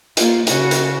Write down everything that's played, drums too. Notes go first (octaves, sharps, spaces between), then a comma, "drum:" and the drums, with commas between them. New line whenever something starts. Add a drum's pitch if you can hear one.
A#3 F4, drum: hi-hat
C#3 F#4, drum: hi-hat
drum: hi-hat